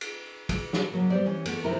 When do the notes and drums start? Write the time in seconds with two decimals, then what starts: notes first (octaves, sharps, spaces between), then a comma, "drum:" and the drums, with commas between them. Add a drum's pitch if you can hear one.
0.01 drum: cymbal
0.49 drum: kick, cymbal
0.73 drum: snare
0.92 C#3 F#3 A#3
1.10 G3 B3 G4 C5 D5
1.26 E3 C#4 G4
1.45 E3 A3 B3, drum: cymbal
1.64 C3 D#3 F3 E4 G4 A#4